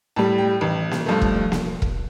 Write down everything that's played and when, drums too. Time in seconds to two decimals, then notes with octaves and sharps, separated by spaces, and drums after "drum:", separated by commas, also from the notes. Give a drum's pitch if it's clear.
0.16 A2 G3 A5
0.38 G5
0.61 A1
0.91 drum: snare A#3
1.06 G2 F3 A3
1.22 drum: kick E1
1.52 drum: snare A#3
1.82 drum: kick E1